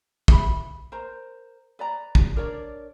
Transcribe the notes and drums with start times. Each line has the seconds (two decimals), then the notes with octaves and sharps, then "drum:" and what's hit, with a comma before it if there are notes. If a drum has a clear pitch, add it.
0.28 E5 B5, drum: kick
0.92 A#4 C5 A#5
1.79 B4 D5 A#5
2.15 drum: kick
2.36 D4 A#4 C#5 D5